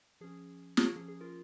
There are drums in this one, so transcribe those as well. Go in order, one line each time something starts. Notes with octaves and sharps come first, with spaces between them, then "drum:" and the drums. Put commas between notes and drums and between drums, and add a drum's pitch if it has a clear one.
F3 C#4 G#4
drum: snare
F3 A#3 C#4 G#4
G#4
F4 A#4